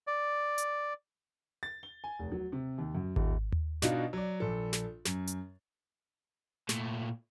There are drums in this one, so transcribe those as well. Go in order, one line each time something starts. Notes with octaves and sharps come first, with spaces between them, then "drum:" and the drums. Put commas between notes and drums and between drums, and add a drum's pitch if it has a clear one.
D5
drum: hi-hat
A6
G7
G#5
F1
F#3
C3
D#2
F#2
D#1, drum: kick G#1
drum: tom D#2
B2 D4 D#4 F4 F#4, drum: snare
F#3 D5
A#1 A4
drum: snare
F#2, drum: snare
drum: hi-hat
A#2 A3, drum: snare